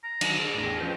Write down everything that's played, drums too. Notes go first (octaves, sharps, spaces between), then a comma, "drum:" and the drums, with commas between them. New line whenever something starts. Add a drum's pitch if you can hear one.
A#5
D#3 F#3 D4, drum: cymbal
D4 G#4 A#4
A1 E2
G5
F3 C#4 F4 B4 C5 G5